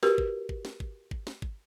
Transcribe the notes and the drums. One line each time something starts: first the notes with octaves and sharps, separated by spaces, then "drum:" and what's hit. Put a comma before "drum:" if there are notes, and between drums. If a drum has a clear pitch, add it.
F#4 G4 A#4 B4, drum: snare
drum: kick
drum: kick
drum: snare
drum: kick
drum: kick
drum: snare
drum: kick